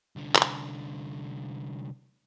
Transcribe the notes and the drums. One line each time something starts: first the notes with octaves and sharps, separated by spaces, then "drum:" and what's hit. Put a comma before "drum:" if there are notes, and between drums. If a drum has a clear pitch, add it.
C2 D3
drum: clap